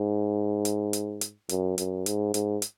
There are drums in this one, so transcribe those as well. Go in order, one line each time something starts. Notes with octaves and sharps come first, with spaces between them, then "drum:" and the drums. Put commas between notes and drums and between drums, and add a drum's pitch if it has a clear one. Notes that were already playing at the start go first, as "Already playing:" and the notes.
Already playing: G#2
drum: hi-hat
drum: hi-hat
drum: hi-hat
F#2, drum: hi-hat
F#2, drum: hi-hat
G#2, drum: hi-hat
G#2, drum: hi-hat
drum: hi-hat